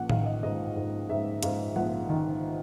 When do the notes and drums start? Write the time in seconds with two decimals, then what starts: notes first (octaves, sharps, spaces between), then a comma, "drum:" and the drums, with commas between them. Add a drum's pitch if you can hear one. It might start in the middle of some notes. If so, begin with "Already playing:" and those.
Already playing: A#1 F#5
0.10 D#3 F5, drum: tom A2
0.26 D#5
0.43 G#2 D#5
0.76 G#2
1.09 G#2 E5
1.43 G#2 F5, drum: hi-hat
1.76 A#1 F#5
2.09 D#3